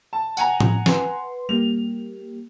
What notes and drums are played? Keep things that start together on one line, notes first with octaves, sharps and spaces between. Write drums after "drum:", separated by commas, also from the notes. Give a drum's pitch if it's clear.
A5
F#5 G#5 A#5, drum: tambourine
drum: tom A2
B4 C6, drum: snare
G3 A#3 G4 F7